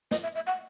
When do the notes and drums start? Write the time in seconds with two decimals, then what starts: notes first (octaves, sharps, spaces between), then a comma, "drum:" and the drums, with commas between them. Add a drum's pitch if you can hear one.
0.11 D#5, drum: snare
0.23 E5
0.35 E5
0.47 F#5